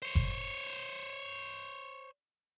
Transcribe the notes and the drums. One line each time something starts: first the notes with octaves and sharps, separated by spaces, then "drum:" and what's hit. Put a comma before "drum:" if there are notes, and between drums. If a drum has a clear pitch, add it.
C5 C#5
drum: kick F#1